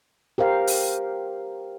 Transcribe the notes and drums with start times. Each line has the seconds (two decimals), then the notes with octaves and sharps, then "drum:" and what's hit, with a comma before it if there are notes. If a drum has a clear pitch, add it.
0.38 G4 A#4 C5 F5
0.67 drum: open hi-hat